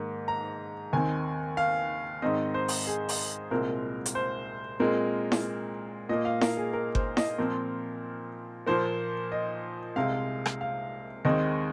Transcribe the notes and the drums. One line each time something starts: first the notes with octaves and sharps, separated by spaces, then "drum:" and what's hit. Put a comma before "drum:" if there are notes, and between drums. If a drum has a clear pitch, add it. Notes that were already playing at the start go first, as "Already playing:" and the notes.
Already playing: G#2 D#3 A#3
A#5
D#2 D#3 C4 G#5
F5
G#2 D#3 C4 D#5
C5
drum: open hi-hat
G#4
drum: open hi-hat
C2 A#2 G#3 C4 A#4
drum: hi-hat
C5
A#2 G#3 C4 A#4
drum: snare E4
A#2 A#3 D#5
F5
A#4, drum: snare E4
G#4
A#4
C5, drum: kick G1
D#5, drum: snare E4
A#2 F3 C4 A#4
A#2 F3 A#3 C5
D#5
C2 C3 G#3 C4 F5
drum: rim click
F5
D#2 D#3 G#3 C4 D#5